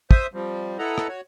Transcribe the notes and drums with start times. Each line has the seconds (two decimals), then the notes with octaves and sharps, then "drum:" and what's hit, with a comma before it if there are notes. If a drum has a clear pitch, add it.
0.11 C5 E5 D#6, drum: kick
0.34 F3 G3 C4
0.79 E4 A4 B4 D#5 F#5 A#5
0.98 drum: rim click
1.08 F#4 C#5